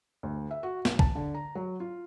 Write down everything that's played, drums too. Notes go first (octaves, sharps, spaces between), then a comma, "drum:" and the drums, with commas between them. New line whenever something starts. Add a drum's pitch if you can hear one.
D2
E5
F#4
B1, drum: snare
A5, drum: kick
D3
A#5
F#3
F4